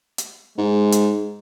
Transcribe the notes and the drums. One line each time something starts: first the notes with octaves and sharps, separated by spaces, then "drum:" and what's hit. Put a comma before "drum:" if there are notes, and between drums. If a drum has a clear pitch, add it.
drum: hi-hat
G#2 G#3
drum: hi-hat